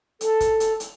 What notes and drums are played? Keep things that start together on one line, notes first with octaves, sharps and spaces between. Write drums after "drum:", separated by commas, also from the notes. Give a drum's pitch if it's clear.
A4, drum: hi-hat
drum: kick, hi-hat
drum: hi-hat
drum: hi-hat